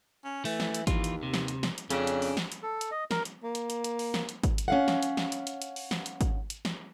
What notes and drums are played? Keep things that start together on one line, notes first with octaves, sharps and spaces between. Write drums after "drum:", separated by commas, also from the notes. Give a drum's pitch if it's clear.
C#4
E3 A3, drum: open hi-hat
drum: snare
drum: hi-hat
D#2 E3 F4, drum: kick G#1, hi-hat
drum: hi-hat
C3
drum: snare
drum: hi-hat
drum: snare
drum: hi-hat
F2 C#3 C#4 D4, drum: hi-hat
drum: hi-hat
drum: open hi-hat
drum: snare
drum: hi-hat
A4
drum: hi-hat
D#5
A#4, drum: snare
drum: hi-hat
A#3
drum: hi-hat
drum: hi-hat
drum: hi-hat
drum: open hi-hat
drum: snare
drum: hi-hat
drum: kick G#1, hi-hat
drum: hi-hat
C#4 F5 F#5
drum: snare
drum: hi-hat
drum: snare
drum: hi-hat
drum: hi-hat
drum: hi-hat
drum: open hi-hat
drum: snare
drum: hi-hat
drum: kick G#1, hi-hat
drum: hi-hat
drum: snare